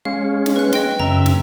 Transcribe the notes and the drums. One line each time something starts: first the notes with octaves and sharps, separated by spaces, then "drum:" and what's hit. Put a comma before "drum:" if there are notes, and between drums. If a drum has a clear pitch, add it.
G#3 C#4 F5
drum: snare
B4 F#6
D#5 G5 C6, drum: snare
F#2 C#3 E5 A#5
drum: snare